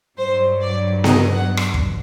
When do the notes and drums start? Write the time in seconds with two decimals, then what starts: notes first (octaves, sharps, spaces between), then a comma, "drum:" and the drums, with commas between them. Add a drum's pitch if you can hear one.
0.17 G2 F#3 C5
0.61 D5
1.04 D#5, drum: snare B3
1.33 F#5
1.57 drum: rim click
1.74 drum: kick